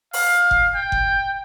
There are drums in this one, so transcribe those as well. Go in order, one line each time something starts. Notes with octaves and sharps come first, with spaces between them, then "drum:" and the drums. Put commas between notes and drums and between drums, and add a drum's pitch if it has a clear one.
F5, drum: open hi-hat
drum: kick F#1
G5
drum: kick F#1